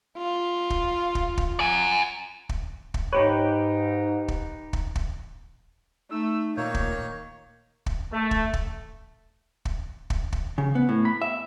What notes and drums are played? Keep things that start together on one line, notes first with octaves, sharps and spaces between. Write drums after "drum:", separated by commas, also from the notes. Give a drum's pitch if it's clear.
F4
drum: kick
drum: kick
drum: kick
F#5 G#5
drum: kick
drum: kick
G#2 D#4 G4 B4 C#5
drum: kick
drum: kick
drum: kick
A3 D#4 E6
A#2 D#3 A#3 C#5 G6
drum: kick
drum: kick
A3
drum: kick
drum: kick
drum: kick
drum: kick
drum: kick
C#3
B3
A2
B5
E5